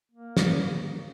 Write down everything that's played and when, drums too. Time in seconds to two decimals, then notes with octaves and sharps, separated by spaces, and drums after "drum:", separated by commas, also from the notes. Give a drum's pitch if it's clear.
0.12 A#3
0.37 drum: snare